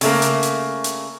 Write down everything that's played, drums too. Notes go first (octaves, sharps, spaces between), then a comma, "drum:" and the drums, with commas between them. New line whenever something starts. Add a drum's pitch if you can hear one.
C#3 A3 A#3, drum: open hi-hat
drum: hi-hat
drum: hi-hat
drum: hi-hat